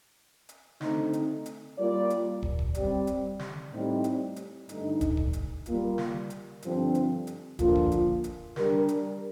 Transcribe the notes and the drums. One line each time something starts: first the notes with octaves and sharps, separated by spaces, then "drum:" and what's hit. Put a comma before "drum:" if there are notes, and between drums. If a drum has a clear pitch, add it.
drum: hi-hat
D3 A3 C4 D#4, drum: snare
drum: hi-hat
drum: hi-hat
G3 A#3 F4 A#4 D5
drum: hi-hat
drum: kick
drum: kick
G3 C4 G4 D5, drum: hi-hat
drum: hi-hat
drum: snare
A2 G3 C4 D#4 G4
drum: hi-hat
drum: hi-hat
G2 D3 A3 D#4, drum: hi-hat
drum: kick, hi-hat
drum: kick
drum: hi-hat
G3 A#3 F4, drum: hi-hat
drum: snare
drum: hi-hat
G2 D3 F3 C4 G4, drum: hi-hat
drum: hi-hat
drum: hi-hat
D3 F3 A#3 F4, drum: kick, hi-hat
drum: kick
drum: hi-hat
drum: hi-hat
G3 D4 G4 A#4, drum: snare
drum: hi-hat